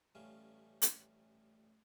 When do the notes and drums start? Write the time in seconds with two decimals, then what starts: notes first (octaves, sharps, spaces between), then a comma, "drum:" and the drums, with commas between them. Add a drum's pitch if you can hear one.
0.15 A1 G3 A3 C#4 F5
0.82 drum: hi-hat